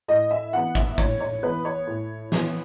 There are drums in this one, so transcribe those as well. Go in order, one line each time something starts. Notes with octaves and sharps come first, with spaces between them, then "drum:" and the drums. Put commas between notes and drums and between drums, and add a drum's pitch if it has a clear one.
A2 D#5
E5
E3 B3 F#5
E5, drum: kick
A2 C#5, drum: kick
C#5
E3 B3 B4
C#5
A2
E3 B3, drum: snare